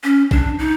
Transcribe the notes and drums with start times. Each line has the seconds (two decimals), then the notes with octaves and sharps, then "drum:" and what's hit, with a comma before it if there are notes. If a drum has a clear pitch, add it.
0.04 C#4
0.31 D4, drum: kick A#1
0.59 D#4